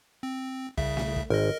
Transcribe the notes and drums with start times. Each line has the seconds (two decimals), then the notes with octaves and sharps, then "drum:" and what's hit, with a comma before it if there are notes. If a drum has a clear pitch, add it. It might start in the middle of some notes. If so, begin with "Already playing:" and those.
0.23 C4
0.77 C2 C#3 E5, drum: kick
0.97 drum: snare
1.16 drum: kick
1.30 G#1 A#4 D#5